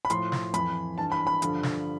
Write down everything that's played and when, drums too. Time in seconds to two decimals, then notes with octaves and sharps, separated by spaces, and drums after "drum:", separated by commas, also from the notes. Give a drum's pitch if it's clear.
0.05 B5
0.10 A2 F3 C6, drum: hi-hat
0.32 drum: snare
0.54 F2 E3 B5, drum: hi-hat
0.98 G2 E3 A5
1.12 B5
1.27 B5
1.42 G2 D3 F3, drum: hi-hat
1.63 drum: snare